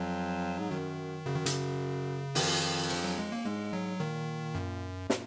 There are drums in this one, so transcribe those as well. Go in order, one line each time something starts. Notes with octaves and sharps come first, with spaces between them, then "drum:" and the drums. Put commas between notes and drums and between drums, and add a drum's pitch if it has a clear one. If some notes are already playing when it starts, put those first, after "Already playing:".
Already playing: F2 F#3
G#2
F#2 D#3
F#2 C#3
D#3
C#3, drum: hi-hat
F2 D#3, drum: open hi-hat
F3, drum: cymbal
F#3
G#3
A#3
G#2 G#3
F#3
A#2 D#3
F#2
A#2, drum: snare